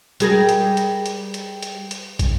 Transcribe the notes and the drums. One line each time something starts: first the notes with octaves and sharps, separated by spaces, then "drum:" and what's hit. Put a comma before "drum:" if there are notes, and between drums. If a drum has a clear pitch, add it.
G3 G#4 A#4, drum: hi-hat
drum: hi-hat
drum: hi-hat
drum: hi-hat
drum: hi-hat
drum: hi-hat
drum: hi-hat
drum: kick, hi-hat